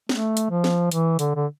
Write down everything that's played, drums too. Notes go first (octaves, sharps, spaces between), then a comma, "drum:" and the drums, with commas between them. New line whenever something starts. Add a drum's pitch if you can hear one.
A3, drum: snare
drum: hi-hat
F3
drum: snare
E3, drum: hi-hat
D3, drum: hi-hat
D3